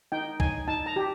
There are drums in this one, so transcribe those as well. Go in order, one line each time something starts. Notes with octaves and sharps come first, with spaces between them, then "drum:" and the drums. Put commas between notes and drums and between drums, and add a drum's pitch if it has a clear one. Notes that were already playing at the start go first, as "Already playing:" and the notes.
D#4 G5
D#4 G#5, drum: kick
D#4 A5
A#5
G4